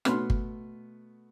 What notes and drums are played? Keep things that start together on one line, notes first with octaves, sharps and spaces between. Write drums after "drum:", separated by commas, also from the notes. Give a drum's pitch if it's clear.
B2 A3 B3 B5 C6 F6, drum: rim click
drum: kick G1